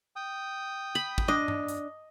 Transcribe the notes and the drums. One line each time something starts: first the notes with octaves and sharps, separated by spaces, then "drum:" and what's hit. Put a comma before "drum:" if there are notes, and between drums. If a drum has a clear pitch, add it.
G5 D#6
B5
drum: kick
D4 D#5
drum: tom G2
drum: hi-hat